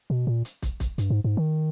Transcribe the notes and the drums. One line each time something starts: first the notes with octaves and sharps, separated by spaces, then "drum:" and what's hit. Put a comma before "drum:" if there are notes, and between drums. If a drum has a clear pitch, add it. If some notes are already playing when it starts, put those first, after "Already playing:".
B2
A#2
drum: hi-hat
drum: kick, hi-hat
drum: kick, hi-hat
G2, drum: hi-hat
G#2
G#2
D#3